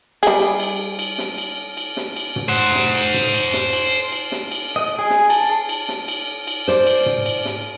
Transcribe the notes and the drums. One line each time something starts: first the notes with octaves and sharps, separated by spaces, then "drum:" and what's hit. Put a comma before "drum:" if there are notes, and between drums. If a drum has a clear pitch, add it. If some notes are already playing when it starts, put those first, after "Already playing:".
G3 G#4, drum: cymbal
drum: snare
drum: cymbal
drum: cymbal
drum: snare
drum: cymbal
drum: cymbal
drum: snare
drum: cymbal
drum: tom
C5 F#5
drum: snare
drum: cymbal
drum: tom
drum: cymbal
drum: snare
drum: cymbal
drum: cymbal
drum: snare
drum: cymbal
D#5
G#4
drum: snare
A5, drum: cymbal
drum: cymbal
drum: snare
drum: cymbal
drum: cymbal
C5 D5, drum: snare
drum: cymbal
drum: tom
drum: cymbal
drum: snare